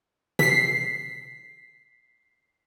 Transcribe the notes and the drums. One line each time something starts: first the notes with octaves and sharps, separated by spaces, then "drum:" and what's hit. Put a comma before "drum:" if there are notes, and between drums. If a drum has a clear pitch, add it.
B6 C7, drum: tom